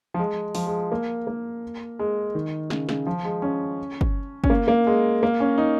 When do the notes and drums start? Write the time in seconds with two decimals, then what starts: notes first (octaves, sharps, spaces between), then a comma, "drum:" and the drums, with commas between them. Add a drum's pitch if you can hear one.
0.14 F3
0.19 G#3
0.55 F3, drum: open hi-hat
0.67 G#3
0.92 A#3
1.27 A#3
1.99 G#3
2.35 D#3
2.70 C#3, drum: snare
2.89 C#3, drum: snare
3.06 F3
3.25 G#3
3.42 C#4
4.01 drum: kick
4.44 C#4, drum: kick
4.50 A#3
4.68 A#3
4.87 G#3
5.23 A#3
5.40 C#4
5.58 D#4